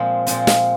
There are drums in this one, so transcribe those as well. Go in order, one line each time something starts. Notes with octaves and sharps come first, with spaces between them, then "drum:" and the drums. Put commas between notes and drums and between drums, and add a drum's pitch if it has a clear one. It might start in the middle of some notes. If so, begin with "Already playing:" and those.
Already playing: A#2 F3 G#3 C4
A#2 F3 G#3 C4, drum: hi-hat
drum: snare